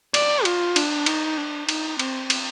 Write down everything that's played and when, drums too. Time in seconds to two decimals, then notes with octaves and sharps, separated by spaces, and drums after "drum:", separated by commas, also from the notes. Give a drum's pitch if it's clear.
0.14 D5, drum: cymbal
0.45 F4, drum: cymbal
0.76 D4, drum: cymbal
1.06 D#4, drum: cymbal
1.38 D4
1.69 D#4, drum: cymbal
1.99 C4, drum: cymbal
2.30 drum: cymbal